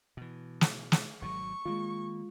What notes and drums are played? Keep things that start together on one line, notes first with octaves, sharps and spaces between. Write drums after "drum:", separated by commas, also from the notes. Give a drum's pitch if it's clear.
B2 E3
drum: snare
drum: snare
G#1 B2 F#3 C#6
D#3 G#3 A#3 F4